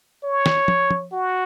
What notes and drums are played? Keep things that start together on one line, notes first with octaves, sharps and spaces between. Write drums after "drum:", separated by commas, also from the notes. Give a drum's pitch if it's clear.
C#5
drum: snare
drum: tom
drum: tom
F#4